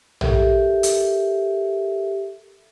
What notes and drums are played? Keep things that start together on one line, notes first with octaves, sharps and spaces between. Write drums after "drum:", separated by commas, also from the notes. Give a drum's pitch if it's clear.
G4 A4 A#4 E5, drum: tom A#1
drum: hi-hat